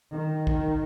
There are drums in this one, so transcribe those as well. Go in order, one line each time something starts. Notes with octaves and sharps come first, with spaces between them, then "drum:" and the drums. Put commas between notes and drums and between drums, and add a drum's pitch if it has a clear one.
D#3
drum: kick